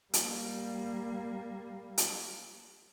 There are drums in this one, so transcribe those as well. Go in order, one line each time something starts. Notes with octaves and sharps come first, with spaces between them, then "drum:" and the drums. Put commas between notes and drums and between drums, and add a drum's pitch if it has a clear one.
G3 A#3, drum: hi-hat
drum: hi-hat